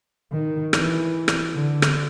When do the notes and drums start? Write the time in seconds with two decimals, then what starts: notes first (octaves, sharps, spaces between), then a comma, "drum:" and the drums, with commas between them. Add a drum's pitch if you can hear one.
0.32 D#3
0.73 E3, drum: rim click
1.28 drum: rim click
1.55 D3
1.82 drum: rim click